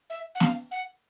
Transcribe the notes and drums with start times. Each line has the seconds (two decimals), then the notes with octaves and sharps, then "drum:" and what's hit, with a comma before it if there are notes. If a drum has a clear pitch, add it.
0.10 E5
0.35 F#5
0.40 F5, drum: snare
0.71 F#5